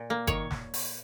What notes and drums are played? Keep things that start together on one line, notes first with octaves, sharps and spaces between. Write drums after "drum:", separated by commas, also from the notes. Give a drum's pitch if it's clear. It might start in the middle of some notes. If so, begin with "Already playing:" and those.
Already playing: A#2
A#3
D#3 C#5, drum: kick G1, hi-hat
drum: snare
drum: open hi-hat